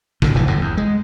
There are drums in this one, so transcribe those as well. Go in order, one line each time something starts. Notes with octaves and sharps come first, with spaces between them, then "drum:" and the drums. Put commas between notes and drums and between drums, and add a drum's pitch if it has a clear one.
A2 D3, drum: kick
F1 A2 E3
G1 F#2 A2
E2
G#3